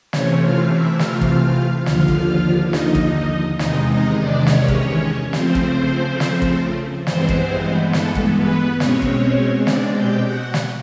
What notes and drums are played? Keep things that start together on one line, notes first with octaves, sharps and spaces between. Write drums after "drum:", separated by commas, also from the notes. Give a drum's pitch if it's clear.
C3 E3 A3 C4 C#4 C#5, drum: snare
F4 F5
E4 E5
F4 F5, drum: snare
drum: kick
D#2 D3 F3 F4 F5, drum: snare
drum: kick
D#4 D#5, drum: snare
drum: kick
E2 C3 D#3 G#3 D#4 D#5, drum: snare
D#4 D#5
D4 D5
C#4 C#5, drum: snare
drum: kick
C#3 F3 A3 C4 C5, drum: snare
drum: kick
drum: snare
drum: kick
G2 E3 G#3 B3 C4 C5, drum: snare
drum: kick
A3 A4, drum: snare
drum: kick
B3 B4
B2 G#3 C4 C#4 C#5, drum: snare
drum: kick
D4 D5, drum: snare
G4 G5
F#4 F#5
drum: snare